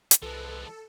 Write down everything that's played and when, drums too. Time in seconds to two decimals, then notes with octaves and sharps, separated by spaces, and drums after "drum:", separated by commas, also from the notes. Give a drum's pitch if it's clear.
0.11 drum: hi-hat
0.22 C2 F3 G#3 A4 B4